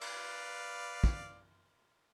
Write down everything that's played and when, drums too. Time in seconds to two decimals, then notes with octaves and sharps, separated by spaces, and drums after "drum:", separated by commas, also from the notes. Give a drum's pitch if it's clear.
0.01 B4 D5 F5, drum: cymbal
1.04 drum: kick